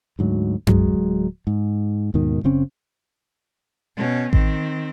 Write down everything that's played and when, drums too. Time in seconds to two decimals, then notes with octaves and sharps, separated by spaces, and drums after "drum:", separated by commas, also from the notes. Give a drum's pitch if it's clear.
0.19 D2 G#2 F#3
0.67 D1 F#3 G#3, drum: tom F#2
1.47 G#2
2.14 D#2 G#2 B2 D#3
2.44 F#1 C#3 C4 C#4
3.97 B2 C#4
4.33 D#3 C4, drum: kick A1